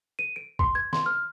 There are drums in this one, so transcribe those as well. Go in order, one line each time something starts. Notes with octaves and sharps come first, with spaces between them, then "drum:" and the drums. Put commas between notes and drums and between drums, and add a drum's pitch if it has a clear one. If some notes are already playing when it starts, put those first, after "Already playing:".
D#7
D7
C6, drum: kick B1
G#6
C6, drum: snare
F6